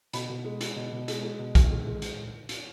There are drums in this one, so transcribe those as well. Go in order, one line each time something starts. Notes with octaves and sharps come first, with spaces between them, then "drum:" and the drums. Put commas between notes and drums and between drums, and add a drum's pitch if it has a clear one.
B2 B5, drum: hi-hat
B2
G#3
G#3, drum: hi-hat
B2
B2
G#3, drum: hi-hat
G#3
B2
B2, drum: kick, hi-hat
G#3
G#3
drum: hi-hat
drum: hi-hat